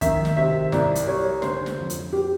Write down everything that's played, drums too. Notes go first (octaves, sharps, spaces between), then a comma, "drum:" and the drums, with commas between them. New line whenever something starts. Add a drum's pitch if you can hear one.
D#3 E5, drum: kick, hi-hat
drum: snare
C3 E5
C2 D5, drum: snare
drum: hi-hat
G3 C#5
D3 C5, drum: snare
drum: snare
F2
drum: hi-hat
G4